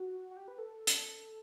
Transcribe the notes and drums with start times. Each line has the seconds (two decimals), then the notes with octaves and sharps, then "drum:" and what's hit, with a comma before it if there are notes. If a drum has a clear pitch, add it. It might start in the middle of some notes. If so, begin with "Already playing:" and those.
Already playing: F#4
0.31 F#4
0.37 G4
0.48 B4
0.58 A4
0.87 drum: hi-hat